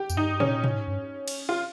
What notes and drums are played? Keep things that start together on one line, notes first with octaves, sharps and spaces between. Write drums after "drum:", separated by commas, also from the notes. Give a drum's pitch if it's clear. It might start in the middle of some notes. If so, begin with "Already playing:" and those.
Already playing: G4
F2, drum: tambourine
G2 D#4
A#2 C#4, drum: tom
C3, drum: tom G#2
G2
drum: cymbal
F4